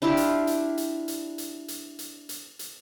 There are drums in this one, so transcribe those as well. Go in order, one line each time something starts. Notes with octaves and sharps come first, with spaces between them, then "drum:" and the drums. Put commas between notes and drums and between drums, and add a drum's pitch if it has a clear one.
D4 E4 F4 G4
drum: hi-hat
drum: hi-hat
drum: hi-hat
drum: hi-hat
drum: hi-hat
drum: hi-hat
drum: hi-hat
drum: hi-hat
drum: hi-hat